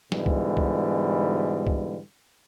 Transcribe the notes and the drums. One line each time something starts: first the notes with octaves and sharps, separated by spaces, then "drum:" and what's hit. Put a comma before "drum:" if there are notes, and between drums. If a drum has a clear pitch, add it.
G#2 B2 D3 E3 G3, drum: snare
drum: kick C2
drum: kick C2
drum: kick C2